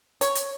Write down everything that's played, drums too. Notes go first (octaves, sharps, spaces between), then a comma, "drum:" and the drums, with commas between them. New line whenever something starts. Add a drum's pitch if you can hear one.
C#5, drum: hi-hat
drum: hi-hat